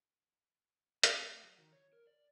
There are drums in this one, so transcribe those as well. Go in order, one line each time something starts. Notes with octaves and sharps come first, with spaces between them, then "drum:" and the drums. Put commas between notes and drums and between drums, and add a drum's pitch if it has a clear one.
C4, drum: hi-hat
A3
F#3
D#3
C#5
A#4
D5